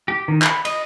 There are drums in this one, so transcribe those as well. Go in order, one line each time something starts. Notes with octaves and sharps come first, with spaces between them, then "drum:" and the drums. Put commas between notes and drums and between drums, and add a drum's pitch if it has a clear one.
G4
D#3
B5, drum: clap
D#5, drum: cymbal